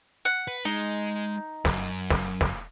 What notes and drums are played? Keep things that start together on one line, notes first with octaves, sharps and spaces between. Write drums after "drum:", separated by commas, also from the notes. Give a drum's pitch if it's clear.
F#5
B4
G#3 D#4
F#2, drum: snare
drum: snare
drum: snare